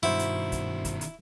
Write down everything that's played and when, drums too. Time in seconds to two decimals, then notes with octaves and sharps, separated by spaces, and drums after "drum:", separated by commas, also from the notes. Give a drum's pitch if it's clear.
0.03 G2 B2 D#3 E4 F#4 C5
0.19 drum: hi-hat
0.52 drum: kick, hi-hat
0.85 drum: kick, hi-hat
1.01 drum: hi-hat